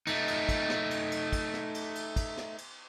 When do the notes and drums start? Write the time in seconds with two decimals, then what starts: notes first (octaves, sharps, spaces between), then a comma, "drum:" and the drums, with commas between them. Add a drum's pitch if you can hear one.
0.07 A3 D#4, drum: cymbal
0.28 drum: cymbal
0.49 drum: kick, cymbal
0.70 drum: snare
0.91 drum: cymbal
1.12 drum: cymbal
1.33 drum: kick, cymbal
1.54 drum: snare
1.74 drum: cymbal
1.95 drum: cymbal
2.16 drum: kick, cymbal
2.37 drum: snare
2.58 drum: cymbal